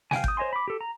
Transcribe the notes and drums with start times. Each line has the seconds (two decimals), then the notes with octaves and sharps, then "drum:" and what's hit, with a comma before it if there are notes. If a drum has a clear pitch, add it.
0.11 F5 G5 G#5, drum: snare
0.24 D#6 G6, drum: kick G#1
0.37 C5 C#5 D#5 G#5 C6
0.53 B5 D6
0.68 G4 A4
0.81 A#5